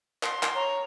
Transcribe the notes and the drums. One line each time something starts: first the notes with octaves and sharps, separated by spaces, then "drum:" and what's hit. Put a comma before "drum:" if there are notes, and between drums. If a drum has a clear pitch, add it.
C6, drum: clap
drum: clap
C#5 A#5